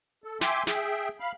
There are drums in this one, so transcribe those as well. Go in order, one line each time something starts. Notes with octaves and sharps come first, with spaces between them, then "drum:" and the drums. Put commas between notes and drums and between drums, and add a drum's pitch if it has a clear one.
A4
E5 G5 G#5 C6 D6, drum: snare
G#4 E5 G5, drum: snare
F5 B5